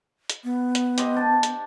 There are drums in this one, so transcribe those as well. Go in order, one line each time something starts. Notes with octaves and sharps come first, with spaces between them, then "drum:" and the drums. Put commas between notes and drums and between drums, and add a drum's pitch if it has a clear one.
drum: hi-hat
B3
drum: hi-hat
G4 C5 D#5, drum: hi-hat
D4 A5
drum: hi-hat